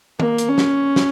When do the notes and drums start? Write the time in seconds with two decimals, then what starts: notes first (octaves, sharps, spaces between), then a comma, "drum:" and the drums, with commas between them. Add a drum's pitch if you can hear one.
0.20 A#3, drum: tom D#3
0.38 drum: hi-hat
0.48 C#4
0.58 drum: snare
0.96 drum: snare